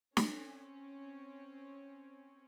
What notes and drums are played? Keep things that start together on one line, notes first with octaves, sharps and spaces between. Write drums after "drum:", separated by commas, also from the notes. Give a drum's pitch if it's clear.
C4 C#4, drum: snare